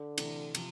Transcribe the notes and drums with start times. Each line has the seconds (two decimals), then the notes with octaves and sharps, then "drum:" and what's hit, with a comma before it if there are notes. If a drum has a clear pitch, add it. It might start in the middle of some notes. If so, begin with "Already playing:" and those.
Already playing: D3
0.18 C3 E3 A3, drum: cymbal
0.55 C3 F3, drum: cymbal